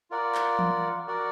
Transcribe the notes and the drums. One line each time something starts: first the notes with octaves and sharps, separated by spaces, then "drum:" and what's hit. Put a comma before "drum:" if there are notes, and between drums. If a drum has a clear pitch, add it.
F4 A#4 D5 F#5
drum: clap
drum: tom E3
F#4 A#4 D5 F#5